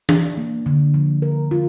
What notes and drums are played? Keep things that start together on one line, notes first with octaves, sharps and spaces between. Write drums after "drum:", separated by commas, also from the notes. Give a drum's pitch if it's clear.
D4, drum: tom E3
A#3
D3
F3
A#4
F4